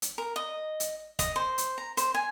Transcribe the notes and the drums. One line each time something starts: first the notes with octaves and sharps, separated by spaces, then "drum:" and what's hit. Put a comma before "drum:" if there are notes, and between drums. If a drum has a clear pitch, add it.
drum: hi-hat
A#4
D#5
drum: hi-hat
D#5, drum: kick, hi-hat
C5
drum: hi-hat
A#5
C5, drum: hi-hat
G#5